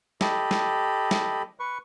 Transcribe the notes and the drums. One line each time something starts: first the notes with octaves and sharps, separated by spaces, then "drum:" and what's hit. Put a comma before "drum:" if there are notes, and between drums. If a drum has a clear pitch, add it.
G4 A4 D#5 B5, drum: snare
drum: snare
drum: snare
B4 C#6